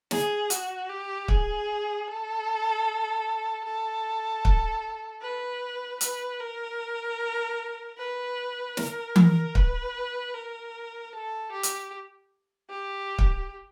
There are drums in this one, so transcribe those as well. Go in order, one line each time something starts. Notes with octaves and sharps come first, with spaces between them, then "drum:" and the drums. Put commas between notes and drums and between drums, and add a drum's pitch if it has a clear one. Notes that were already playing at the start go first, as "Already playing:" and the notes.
G#4, drum: snare
F#4, drum: hi-hat
G4
G#4, drum: kick
A4
A4
drum: kick
B4
B4, drum: hi-hat
A#4
B4
A#4, drum: snare
drum: tom E3
B4, drum: kick
A#4
A4
G4
drum: hi-hat
G4
drum: kick